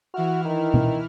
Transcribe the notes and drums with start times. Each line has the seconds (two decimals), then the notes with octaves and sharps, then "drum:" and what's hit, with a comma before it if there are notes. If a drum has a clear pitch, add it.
0.14 E3 E4 F#4 F6
0.45 D#3
0.74 drum: tom B2